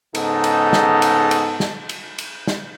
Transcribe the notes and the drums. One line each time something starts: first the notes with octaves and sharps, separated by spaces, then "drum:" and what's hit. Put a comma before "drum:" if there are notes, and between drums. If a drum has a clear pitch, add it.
G#2 C#3 B3 D#4 A4, drum: cymbal
drum: cymbal
drum: snare
drum: cymbal
drum: cymbal
drum: snare
drum: cymbal
drum: cymbal
drum: snare